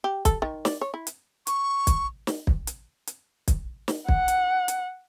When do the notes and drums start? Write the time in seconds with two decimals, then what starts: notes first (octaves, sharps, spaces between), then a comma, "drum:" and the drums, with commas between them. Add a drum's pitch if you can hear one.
0.04 G4
0.25 A4, drum: kick, hi-hat
0.42 D#3
0.65 D5, drum: snare
0.81 C#5
0.94 E4
1.07 drum: hi-hat
1.47 C#6, drum: hi-hat
1.87 drum: kick, hi-hat
2.27 drum: snare
2.47 drum: kick
2.67 drum: hi-hat
3.07 drum: hi-hat
3.48 drum: kick, hi-hat
3.88 drum: snare
4.09 F#5, drum: kick
4.28 drum: hi-hat
4.68 drum: hi-hat